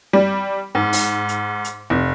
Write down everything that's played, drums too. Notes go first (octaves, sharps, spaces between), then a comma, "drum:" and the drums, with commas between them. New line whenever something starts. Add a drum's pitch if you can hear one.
G3
G#2
drum: open hi-hat
drum: hi-hat
drum: hi-hat
F1